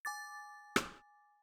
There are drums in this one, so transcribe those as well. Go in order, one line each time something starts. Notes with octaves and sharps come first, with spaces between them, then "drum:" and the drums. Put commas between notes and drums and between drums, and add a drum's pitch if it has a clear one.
G#5 D6 A6
drum: rim click